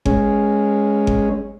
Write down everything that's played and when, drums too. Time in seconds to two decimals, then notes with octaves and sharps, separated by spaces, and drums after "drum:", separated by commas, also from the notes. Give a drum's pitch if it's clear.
0.06 G#3 C#4, drum: kick G1
1.07 drum: kick G1